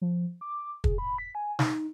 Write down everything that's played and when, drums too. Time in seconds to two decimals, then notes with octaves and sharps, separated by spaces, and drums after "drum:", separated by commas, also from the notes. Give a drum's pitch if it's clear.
0.01 F3
0.41 D6
0.84 G#4, drum: kick
0.98 B5
1.18 B6
1.35 G#5
1.59 D#4, drum: snare